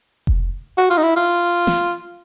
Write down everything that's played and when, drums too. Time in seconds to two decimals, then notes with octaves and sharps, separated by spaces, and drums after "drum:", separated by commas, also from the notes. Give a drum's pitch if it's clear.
0.27 drum: kick F1
0.78 F#4
0.90 F4
0.97 D#4
1.03 E4
1.16 F4
1.67 drum: snare